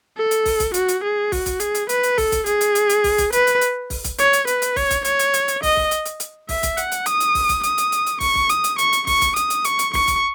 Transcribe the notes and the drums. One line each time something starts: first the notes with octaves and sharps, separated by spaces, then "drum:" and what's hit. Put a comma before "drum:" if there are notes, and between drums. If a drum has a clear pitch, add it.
A4
drum: hi-hat
drum: kick, open hi-hat
drum: kick, hi-hat
F#4, drum: hi-hat
drum: hi-hat
G#4
F#4, drum: kick, open hi-hat
drum: kick, hi-hat
G#4, drum: hi-hat
drum: hi-hat
B4, drum: hi-hat
drum: hi-hat
A4, drum: kick, open hi-hat
drum: kick, hi-hat
G#4, drum: hi-hat
drum: hi-hat
drum: hi-hat
drum: hi-hat
drum: kick, open hi-hat
drum: kick, hi-hat
B4, drum: hi-hat
drum: hi-hat
drum: hi-hat
drum: kick, open hi-hat
drum: kick, hi-hat
C#5, drum: hi-hat
drum: hi-hat
B4, drum: hi-hat
drum: hi-hat
C#5, drum: kick, open hi-hat
drum: kick, hi-hat
C#5, drum: hi-hat
drum: hi-hat
drum: hi-hat
drum: hi-hat
D#5, drum: kick, open hi-hat
drum: kick
drum: hi-hat
drum: hi-hat
drum: hi-hat
E5, drum: kick, open hi-hat
drum: kick, hi-hat
F#5, drum: hi-hat
drum: hi-hat
D#6, drum: hi-hat
drum: hi-hat
drum: kick, open hi-hat
drum: kick, hi-hat
D#6, drum: hi-hat
drum: hi-hat
drum: hi-hat
drum: hi-hat
C#6, drum: kick, open hi-hat
drum: kick
D#6, drum: hi-hat
drum: hi-hat
C#6, drum: hi-hat
drum: hi-hat
C#6, drum: kick, open hi-hat
drum: kick, hi-hat
D#6, drum: hi-hat
drum: hi-hat
C#6, drum: hi-hat
drum: hi-hat
C#6, drum: kick, open hi-hat
drum: kick, hi-hat